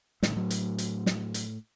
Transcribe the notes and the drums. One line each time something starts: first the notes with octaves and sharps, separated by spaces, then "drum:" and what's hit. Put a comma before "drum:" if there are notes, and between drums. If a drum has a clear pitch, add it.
A2 F#3, drum: snare
D#3
F#3
drum: hi-hat
drum: hi-hat
drum: snare
drum: hi-hat